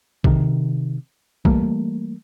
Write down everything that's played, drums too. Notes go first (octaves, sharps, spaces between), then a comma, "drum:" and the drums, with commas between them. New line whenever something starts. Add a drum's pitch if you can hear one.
C3 D#3, drum: kick
E3 G3 A3 A#3, drum: kick